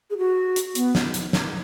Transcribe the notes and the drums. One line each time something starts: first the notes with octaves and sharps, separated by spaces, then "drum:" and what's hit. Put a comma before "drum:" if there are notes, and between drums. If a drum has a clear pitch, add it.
G#4
F#4
drum: hi-hat
B3, drum: hi-hat
drum: snare
drum: hi-hat
drum: snare